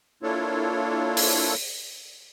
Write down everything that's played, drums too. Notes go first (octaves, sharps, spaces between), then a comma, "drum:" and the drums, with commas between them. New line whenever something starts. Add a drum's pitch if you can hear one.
A#3 D4 E4 F4 A4 C#5
drum: open hi-hat